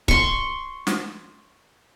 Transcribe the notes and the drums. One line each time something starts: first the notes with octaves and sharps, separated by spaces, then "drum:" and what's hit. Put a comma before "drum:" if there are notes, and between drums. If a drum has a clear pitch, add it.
C6 C#6, drum: kick C#1
drum: snare